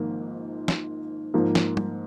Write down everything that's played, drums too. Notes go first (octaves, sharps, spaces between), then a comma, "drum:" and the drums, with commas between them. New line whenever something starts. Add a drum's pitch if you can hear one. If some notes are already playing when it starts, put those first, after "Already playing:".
Already playing: G#1 G#2 F3 A#3 F4
drum: snare
G#2 F3 A#3
drum: snare
drum: tom